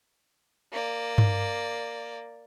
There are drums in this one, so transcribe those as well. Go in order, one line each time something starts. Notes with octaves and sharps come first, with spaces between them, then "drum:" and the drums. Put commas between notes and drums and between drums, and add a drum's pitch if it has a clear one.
A#3 D5
drum: tom G2